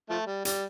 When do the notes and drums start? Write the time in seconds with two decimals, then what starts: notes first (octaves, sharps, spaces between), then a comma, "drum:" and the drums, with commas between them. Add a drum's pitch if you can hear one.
0.10 F3 A3
0.27 G3
0.45 G3, drum: hi-hat